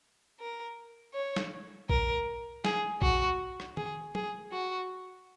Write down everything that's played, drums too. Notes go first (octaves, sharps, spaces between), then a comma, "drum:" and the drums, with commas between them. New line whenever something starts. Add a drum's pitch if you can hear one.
A#4
C#5
drum: snare
A#4, drum: kick A#1
G#4, drum: snare
F#4, drum: kick A#1
drum: rim click
G#4, drum: tom
G#4, drum: tom
F#4